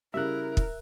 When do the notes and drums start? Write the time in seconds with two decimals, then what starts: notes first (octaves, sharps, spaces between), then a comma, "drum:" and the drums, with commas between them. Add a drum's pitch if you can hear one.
0.14 C#3 G3 E4 A#4 E5 F#6
0.57 drum: kick